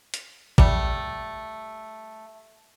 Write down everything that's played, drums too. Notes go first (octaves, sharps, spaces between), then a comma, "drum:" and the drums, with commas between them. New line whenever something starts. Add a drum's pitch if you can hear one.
drum: hi-hat
G3 A3, drum: kick G#1